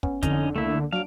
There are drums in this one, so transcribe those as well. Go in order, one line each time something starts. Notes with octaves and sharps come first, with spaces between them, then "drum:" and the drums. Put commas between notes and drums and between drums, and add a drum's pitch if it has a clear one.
B3 C#4, drum: kick
F2 D3 C#4 D#4, drum: kick, hi-hat
C#2 A3 A#3 E4
F#3 D4 F5 D7